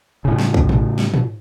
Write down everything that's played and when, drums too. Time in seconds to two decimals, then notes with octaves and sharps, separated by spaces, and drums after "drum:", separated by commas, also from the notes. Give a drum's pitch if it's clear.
0.25 A2 C#3
0.39 drum: snare
0.54 drum: kick
0.69 drum: tom
0.99 drum: snare
1.14 drum: tom